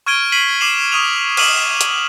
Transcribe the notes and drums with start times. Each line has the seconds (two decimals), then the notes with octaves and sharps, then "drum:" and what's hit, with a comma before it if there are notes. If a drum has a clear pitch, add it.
0.06 C#6 F6 G#6 D7 D#7 G7
0.32 B6 C7 D#7 F#7
0.60 D6 C7 D#7 E7 F#7
0.92 C#6 D#6 F6 D#7 F7
1.37 D6 F6 D#7 E7 F#7, drum: cymbal
1.81 drum: hi-hat